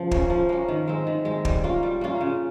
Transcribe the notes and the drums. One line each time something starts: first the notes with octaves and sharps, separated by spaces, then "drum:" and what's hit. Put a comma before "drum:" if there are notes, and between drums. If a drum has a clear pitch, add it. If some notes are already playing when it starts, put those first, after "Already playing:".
Already playing: C#3 F3
A#3 C#4, drum: kick
F3
A#3 C#4
D#3
G#3 C4
D#3
G#3 C4
G3, drum: kick
A#3 C#4 F4
G3
A#3 C#4 F4
C#3